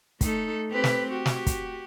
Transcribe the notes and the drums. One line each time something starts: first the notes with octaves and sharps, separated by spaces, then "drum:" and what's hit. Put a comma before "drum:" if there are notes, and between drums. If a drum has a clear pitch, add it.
A3 D#4 A4, drum: kick, hi-hat
C4 G4 B4
drum: snare
F#4 G4
drum: snare
drum: kick, hi-hat